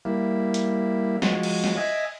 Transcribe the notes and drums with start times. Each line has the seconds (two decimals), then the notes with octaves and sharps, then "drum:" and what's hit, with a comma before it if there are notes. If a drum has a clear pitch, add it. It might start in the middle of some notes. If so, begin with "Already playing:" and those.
0.05 G3 A#3 E4
0.54 drum: hi-hat
1.22 F3 G#3 F#4, drum: snare
1.43 drum: cymbal
1.64 drum: snare
1.77 D#5 E5 G#5